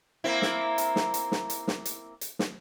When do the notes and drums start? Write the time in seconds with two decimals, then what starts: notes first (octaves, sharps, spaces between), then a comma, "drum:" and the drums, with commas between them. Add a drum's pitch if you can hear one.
0.24 A#3 C4 E4
0.42 drum: snare
0.78 drum: hi-hat
0.96 drum: snare
1.14 drum: hi-hat
1.32 drum: snare
1.50 drum: hi-hat
1.68 drum: snare
1.85 drum: hi-hat
2.21 drum: hi-hat
2.39 drum: snare